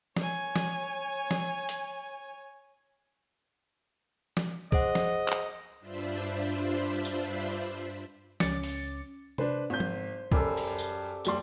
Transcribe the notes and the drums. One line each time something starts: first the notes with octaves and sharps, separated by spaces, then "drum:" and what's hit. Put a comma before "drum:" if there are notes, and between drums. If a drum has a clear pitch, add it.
C#5 G#5, drum: snare
drum: snare
drum: snare
drum: hi-hat
drum: snare
G#4 C5 D#5 F#5, drum: kick
drum: snare
drum: clap
G2 D4 F4 C5 E5 B5
drum: tambourine
C#2 C#4 D6 A6 C#7, drum: snare
drum: open hi-hat
D4 B4 C5, drum: tom C3
G#1 C5 G6
drum: tom F3
F#2 G3 G4 A4, drum: kick
drum: open hi-hat
drum: tambourine
F#1 G3 C6, drum: tambourine